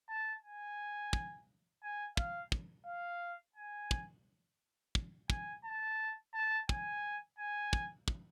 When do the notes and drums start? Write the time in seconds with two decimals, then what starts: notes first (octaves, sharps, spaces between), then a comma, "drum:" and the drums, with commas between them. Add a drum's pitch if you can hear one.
0.09 A5
0.43 G#5
1.13 drum: kick
1.83 G#5
2.17 F5, drum: kick
2.52 drum: kick
2.86 F5
3.56 G#5
3.91 drum: kick
4.95 drum: kick
5.30 G#5, drum: kick
5.65 A5
6.34 A5
6.69 G#5, drum: kick
7.38 G#5
7.73 drum: kick
8.08 drum: kick